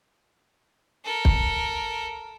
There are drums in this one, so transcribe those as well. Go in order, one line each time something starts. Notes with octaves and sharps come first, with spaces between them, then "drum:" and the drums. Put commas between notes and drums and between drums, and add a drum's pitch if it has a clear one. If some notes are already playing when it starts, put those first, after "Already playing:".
A4 A#4
drum: kick